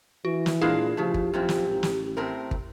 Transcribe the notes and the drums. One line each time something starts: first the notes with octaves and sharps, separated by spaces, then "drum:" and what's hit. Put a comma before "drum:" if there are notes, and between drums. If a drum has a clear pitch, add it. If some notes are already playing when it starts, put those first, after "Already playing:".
E3 F#4
drum: snare
A#2 G#3 D4 E4 G#4 A#4 F5
C#3 F3 A3 G4
drum: kick
F#2 A#2 F3 C4
drum: snare
A1
drum: snare
A2 C4 A#4
drum: kick